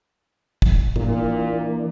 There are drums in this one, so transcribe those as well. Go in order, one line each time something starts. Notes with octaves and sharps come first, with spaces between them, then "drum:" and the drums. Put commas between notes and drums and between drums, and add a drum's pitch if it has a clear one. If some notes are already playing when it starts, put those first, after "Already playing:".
drum: kick
A#2 E3 A#3 D4, drum: tom A2